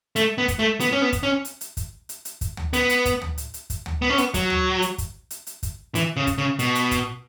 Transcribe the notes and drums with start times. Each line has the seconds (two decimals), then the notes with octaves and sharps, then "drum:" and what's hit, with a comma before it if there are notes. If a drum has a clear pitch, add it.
0.16 A3, drum: hi-hat
0.38 B3
0.48 drum: kick, hi-hat
0.59 A3
0.80 B3, drum: hi-hat
0.92 C#4
1.02 B3
1.13 drum: kick, hi-hat
1.23 C#4
1.45 drum: hi-hat
1.61 drum: hi-hat
1.77 drum: kick, hi-hat
2.09 drum: hi-hat
2.25 drum: hi-hat
2.41 drum: kick, hi-hat
2.57 drum: tom D2
2.73 B3, drum: hi-hat
2.89 drum: hi-hat
3.05 drum: kick, hi-hat
3.22 drum: tom D2
3.38 drum: hi-hat
3.54 drum: hi-hat
3.70 drum: kick, hi-hat
3.86 drum: tom D2
4.02 B3
4.10 C#4
4.18 B3, drum: hi-hat
4.34 F#3, drum: kick, hi-hat
4.50 drum: tom D2
4.82 drum: hi-hat
4.98 drum: kick, hi-hat
5.30 drum: hi-hat
5.47 drum: hi-hat
5.63 drum: kick, hi-hat
5.95 E3, drum: hi-hat
6.17 C#3
6.27 drum: kick, hi-hat
6.38 C#3
6.59 B2, drum: hi-hat
6.75 drum: hi-hat
6.91 drum: kick, hi-hat